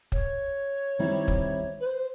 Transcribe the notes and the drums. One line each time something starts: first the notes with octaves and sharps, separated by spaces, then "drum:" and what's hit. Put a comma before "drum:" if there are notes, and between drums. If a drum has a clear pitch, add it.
C#5, drum: kick
D#3 G3 C4 E4
drum: kick
B4
C5